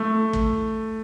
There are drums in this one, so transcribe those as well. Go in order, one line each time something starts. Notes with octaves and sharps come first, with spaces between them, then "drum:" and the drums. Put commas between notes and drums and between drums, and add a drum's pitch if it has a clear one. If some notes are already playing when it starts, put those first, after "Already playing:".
Already playing: A3
drum: kick